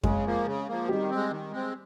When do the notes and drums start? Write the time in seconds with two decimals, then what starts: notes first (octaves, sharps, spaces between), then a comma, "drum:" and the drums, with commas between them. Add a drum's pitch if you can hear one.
0.03 C#3 G#3 G#4, drum: kick F2
0.26 F3 A#3
0.46 C#3
0.68 F3 A#3
0.89 D#3 G3 G4
1.10 G#3 C4
1.31 D#3
1.52 G#3 C4